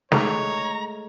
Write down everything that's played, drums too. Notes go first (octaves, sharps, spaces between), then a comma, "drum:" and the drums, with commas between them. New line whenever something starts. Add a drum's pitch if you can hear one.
D#3 G#3 A3 C#5 A#5, drum: snare